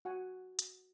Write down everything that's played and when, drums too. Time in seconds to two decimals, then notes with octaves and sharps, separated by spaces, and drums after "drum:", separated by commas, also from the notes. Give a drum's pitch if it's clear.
0.05 F#4 F#5 G#5
0.59 drum: hi-hat